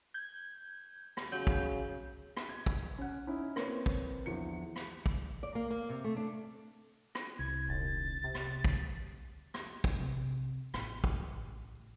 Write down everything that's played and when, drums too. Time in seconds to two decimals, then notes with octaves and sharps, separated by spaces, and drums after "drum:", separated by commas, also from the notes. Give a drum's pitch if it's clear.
0.14 G6 G#6
1.17 drum: rim click
1.32 C#3 F#3 G6
1.47 drum: kick
2.37 drum: rim click
2.49 G#6
2.66 drum: kick
2.98 C#4 F#5
3.27 C#4 D#4 E4
3.56 A#3 C4 B4 C#5, drum: rim click
3.86 drum: kick
4.26 E2 D3 F3 C#7
4.76 drum: rim click
5.06 drum: kick
5.43 D5
5.55 A#3
5.70 A#3
5.89 C3
6.04 A3
6.16 D4
7.15 drum: rim click
7.39 C2 G#6
7.69 D#1 A6
8.24 C3
8.35 drum: rim click
8.64 drum: kick
9.54 drum: rim click
9.84 drum: kick
9.99 C3
10.74 A1, drum: rim click
11.04 drum: kick